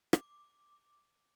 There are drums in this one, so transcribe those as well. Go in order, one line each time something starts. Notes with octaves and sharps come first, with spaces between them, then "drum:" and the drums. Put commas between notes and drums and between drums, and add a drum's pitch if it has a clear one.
D6, drum: rim click